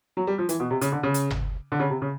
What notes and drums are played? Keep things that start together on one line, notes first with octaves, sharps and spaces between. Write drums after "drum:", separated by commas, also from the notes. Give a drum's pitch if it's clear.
F#3
G3
F3
E3, drum: hi-hat
B2
C3
C#3, drum: hi-hat
D3
C#3
drum: hi-hat
drum: tom G1
D3
C#3
C3
C#3